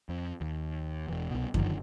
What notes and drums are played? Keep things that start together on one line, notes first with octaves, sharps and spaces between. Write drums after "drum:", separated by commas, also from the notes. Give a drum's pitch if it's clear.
F2
D#2
E1 E2
C2 B2
F#2 D3 D#3 F3, drum: kick F#2